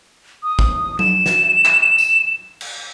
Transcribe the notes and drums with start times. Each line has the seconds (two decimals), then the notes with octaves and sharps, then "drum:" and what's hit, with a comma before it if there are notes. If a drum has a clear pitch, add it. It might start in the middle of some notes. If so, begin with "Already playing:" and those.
0.43 D#6
0.59 drum: kick
0.99 E7, drum: tom F#3
1.26 drum: snare
1.65 drum: clap
1.98 drum: tambourine
2.61 drum: cymbal